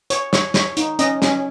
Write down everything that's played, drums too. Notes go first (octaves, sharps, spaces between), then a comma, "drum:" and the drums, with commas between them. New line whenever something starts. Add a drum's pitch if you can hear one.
C#5, drum: hi-hat
C#5, drum: snare
C#5, drum: snare
D#4, drum: hi-hat
C#4 D#5, drum: hi-hat
C#4, drum: snare